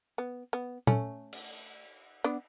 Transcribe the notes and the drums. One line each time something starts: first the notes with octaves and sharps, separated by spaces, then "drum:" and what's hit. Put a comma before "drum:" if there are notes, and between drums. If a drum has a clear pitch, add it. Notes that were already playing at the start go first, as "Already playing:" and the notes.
B3
B3
A3 C#4, drum: tom A#2
drum: cymbal
B3 D4